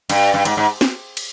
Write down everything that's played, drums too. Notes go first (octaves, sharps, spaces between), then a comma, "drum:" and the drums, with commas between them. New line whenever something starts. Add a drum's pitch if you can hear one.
G2, drum: cymbal
G2
G#2, drum: cymbal
G#2
drum: snare
drum: cymbal